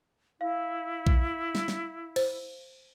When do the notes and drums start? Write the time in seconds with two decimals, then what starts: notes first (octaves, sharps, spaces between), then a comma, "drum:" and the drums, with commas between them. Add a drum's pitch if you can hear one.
0.41 E4 F5
1.07 drum: kick A#1
1.55 drum: snare
1.68 drum: snare
2.16 C5, drum: cymbal